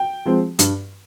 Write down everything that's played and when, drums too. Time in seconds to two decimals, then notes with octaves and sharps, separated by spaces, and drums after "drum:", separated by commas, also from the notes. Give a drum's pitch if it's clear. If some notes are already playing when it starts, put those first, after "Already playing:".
Already playing: G5
0.25 F3 G#3 C4
0.59 G2, drum: hi-hat